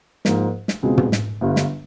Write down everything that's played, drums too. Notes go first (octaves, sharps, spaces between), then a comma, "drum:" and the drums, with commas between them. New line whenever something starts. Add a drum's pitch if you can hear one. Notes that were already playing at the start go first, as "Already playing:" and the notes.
G#2 F3 A#3, drum: snare
drum: snare
C#2 B2 G#3 C4
drum: tom
drum: snare
G1 G2 D3
drum: snare